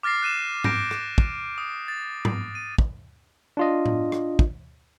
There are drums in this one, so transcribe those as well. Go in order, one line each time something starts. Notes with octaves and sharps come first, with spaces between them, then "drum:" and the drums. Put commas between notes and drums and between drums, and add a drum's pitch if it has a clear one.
D6 F6 A6 A#6 C7
F#6 D#7 E7
F6 G6 A#6 D7, drum: tom G#2
drum: rim click
drum: kick
D#6
A6
drum: tom G#2
D#7
drum: kick
D4 F4 D#5
drum: tom A2
drum: rim click
drum: kick